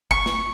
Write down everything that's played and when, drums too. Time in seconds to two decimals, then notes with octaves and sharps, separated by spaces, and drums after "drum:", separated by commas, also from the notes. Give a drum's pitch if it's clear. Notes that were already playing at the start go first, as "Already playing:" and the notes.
0.11 C#6, drum: kick G1
0.26 drum: snare